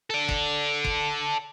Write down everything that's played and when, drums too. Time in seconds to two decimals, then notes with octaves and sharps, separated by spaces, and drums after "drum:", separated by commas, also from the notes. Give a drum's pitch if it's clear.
0.10 A4 D5
0.29 drum: kick
0.84 drum: kick